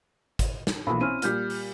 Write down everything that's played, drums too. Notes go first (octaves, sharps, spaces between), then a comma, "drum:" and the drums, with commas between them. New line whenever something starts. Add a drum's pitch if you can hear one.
drum: kick G#1, hi-hat
drum: snare
B1 A#2 E3 B5
C4 C#4 E4 F6 D#7
A#2 G3 F6 G6, drum: hi-hat
drum: open hi-hat